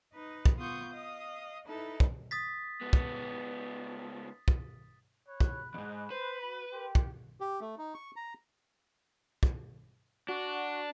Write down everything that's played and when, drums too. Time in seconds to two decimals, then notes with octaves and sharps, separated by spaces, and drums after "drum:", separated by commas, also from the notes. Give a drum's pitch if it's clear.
0.14 D#4 B4 D#5
0.46 drum: kick
0.57 B3 F4 C6 C#6 D#6 G6
0.92 D#5 F5 D#6
1.67 D#4 E4 A4 B4 A5
2.00 drum: kick
2.31 D#6 A6 B6
2.82 C#2 B3
2.93 drum: kick
4.48 drum: kick
5.28 C#5 B5 F#6
5.41 drum: kick
5.74 E2 G#2 D#5
6.10 B4 C5
6.41 F#4 B5
6.72 G4 A#4 G5 C6
6.95 drum: kick
7.40 G4
7.61 A3
7.78 D#4
7.94 C#6
8.16 A#5
9.43 drum: kick
10.28 D4 F#4